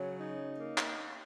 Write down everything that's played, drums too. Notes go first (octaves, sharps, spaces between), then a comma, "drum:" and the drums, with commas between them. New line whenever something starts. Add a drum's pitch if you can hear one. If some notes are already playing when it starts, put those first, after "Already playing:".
Already playing: C#3 F#3 C#4
D#4
A#3
drum: clap